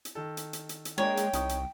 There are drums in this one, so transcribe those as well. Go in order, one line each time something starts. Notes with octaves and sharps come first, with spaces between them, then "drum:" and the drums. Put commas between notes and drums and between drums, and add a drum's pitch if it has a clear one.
drum: hi-hat
D#3 A4
drum: hi-hat
drum: hi-hat
drum: hi-hat
drum: hi-hat
G#3 A#3 D4 C#5 G5
drum: hi-hat
C2 D#4 C#6 D#6, drum: hi-hat
drum: hi-hat